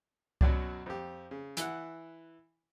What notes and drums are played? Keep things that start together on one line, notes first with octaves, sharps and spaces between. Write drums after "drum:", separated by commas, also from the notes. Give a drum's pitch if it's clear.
F#2 B2 F#3 D5, drum: kick C2
F2 G4
C#3
E3 E4 F#5, drum: hi-hat